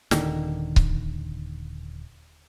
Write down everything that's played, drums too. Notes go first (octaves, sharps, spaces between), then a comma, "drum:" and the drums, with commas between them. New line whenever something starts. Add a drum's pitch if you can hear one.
D#1 D3 D#3, drum: snare
drum: kick C#1